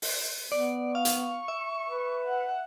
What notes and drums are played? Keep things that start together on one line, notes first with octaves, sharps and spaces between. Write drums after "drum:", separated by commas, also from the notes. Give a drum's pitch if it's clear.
drum: open hi-hat
B3 D5
F5 C#6
drum: hi-hat
E5
B4
F#5